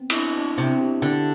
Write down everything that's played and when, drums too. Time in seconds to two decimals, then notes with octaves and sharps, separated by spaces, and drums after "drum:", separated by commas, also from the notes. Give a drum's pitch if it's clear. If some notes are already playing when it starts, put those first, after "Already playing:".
Already playing: B3 C4
0.10 E4, drum: cymbal
0.15 D4
0.37 D4
0.58 C3 E4
0.81 G4
1.01 D3 G4